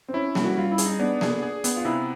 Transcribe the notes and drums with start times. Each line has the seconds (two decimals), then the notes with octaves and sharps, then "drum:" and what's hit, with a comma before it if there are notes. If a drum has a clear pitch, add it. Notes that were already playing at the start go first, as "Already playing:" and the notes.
0.08 C4
0.13 C#4 E4
0.35 G3, drum: snare A#3
0.45 F#4
0.57 G3 F4
0.72 E4
0.78 G#4, drum: hi-hat
0.86 D#4
0.99 B3 D4
1.21 G#4, drum: snare A#3
1.43 G#4
1.64 B3, drum: hi-hat
1.76 F4
1.85 C3 E4